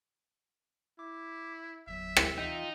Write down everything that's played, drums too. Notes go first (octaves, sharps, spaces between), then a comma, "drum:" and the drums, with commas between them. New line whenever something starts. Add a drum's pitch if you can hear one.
E4 D6
G1 E2 F#3 E5
drum: rim click
E3 D#4 F4 G5